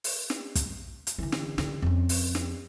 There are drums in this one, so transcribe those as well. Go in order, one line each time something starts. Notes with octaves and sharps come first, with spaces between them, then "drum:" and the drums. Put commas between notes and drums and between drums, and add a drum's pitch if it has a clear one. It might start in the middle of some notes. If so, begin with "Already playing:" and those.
drum: open hi-hat
drum: snare
drum: kick, hi-hat
drum: hi-hat
D3 E3
drum: snare
D3 E3, drum: snare
F2 C#4
drum: open hi-hat
drum: snare